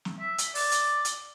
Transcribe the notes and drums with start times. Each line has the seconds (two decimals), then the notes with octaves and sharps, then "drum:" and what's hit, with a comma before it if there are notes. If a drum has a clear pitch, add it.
0.05 drum: snare
0.20 E5
0.38 drum: hi-hat
0.55 D5, drum: open hi-hat
0.72 drum: hi-hat
1.05 drum: hi-hat